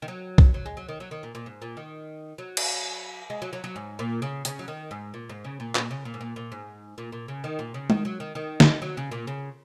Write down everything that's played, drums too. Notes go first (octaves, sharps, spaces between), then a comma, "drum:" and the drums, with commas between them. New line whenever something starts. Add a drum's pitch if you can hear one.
D#3
F#3
drum: kick B1
F#3
G#3
F#3
D#3
F#3
D#3
A#2
A#2
G#2
A#2
D#3
F#3
drum: cymbal
G#3
F#3
F#3
F#3
G#2
A#2
C#3
C#3, drum: hi-hat
F#3
D#3
G#2
A#2
G#2
C#3
A#2
A#2, drum: clap
C#3
A#2
G#2
A#2
A#2
G#2
A#2
A#2
C#3
D#3
A#2
C#3
D#3, drum: tom G#3
F#3
D#3
D#3
drum: snare
F#3
C#3
A#2
C#3